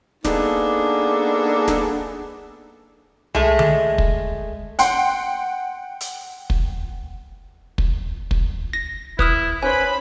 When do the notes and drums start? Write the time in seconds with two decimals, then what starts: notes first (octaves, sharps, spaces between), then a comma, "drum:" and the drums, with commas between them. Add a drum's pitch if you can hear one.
0.25 A#3 B3 D4 D#4 G#4 A4, drum: snare
1.68 drum: snare
3.35 G#3 A3, drum: tom C2
3.59 drum: tom D3
3.98 drum: kick
4.79 F#5 G5 C6, drum: hi-hat
6.01 drum: hi-hat
6.50 drum: kick
7.78 drum: kick
8.31 drum: kick
8.73 A#6
9.19 E4 B4 D#6 F6, drum: kick
9.63 C#4 B4 C5 G#5 B5